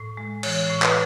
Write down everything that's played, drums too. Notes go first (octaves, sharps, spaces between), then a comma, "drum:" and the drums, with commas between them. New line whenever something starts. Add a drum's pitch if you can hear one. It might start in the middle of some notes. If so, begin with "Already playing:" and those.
Already playing: A2
G#3
E3 C#5, drum: cymbal
A2
B4, drum: clap